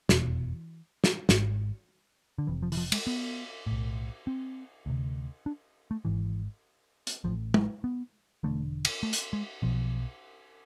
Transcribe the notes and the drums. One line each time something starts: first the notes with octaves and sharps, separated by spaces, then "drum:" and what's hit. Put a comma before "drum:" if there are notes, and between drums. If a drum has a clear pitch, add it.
F1 E2 B2 E3, drum: snare
drum: snare
G#1 G#2, drum: snare
D3
F1 F2 C3 E3
F3
E3, drum: open hi-hat
F3
G#3, drum: cymbal
B3
B1 A2
C4
D2 C3
D4
A3
G#1 G#2 E3
drum: hi-hat
A1 A2 F3
G#3, drum: tom
B3
E1 E2 D3 A3
drum: cymbal
A3
drum: hi-hat
G#3
B1 B2 F3